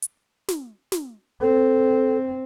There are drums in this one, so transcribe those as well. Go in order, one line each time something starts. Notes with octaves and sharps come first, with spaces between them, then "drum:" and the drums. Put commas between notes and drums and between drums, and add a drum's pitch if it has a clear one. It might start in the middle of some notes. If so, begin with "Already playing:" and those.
drum: hi-hat
drum: snare
drum: snare
C4 A4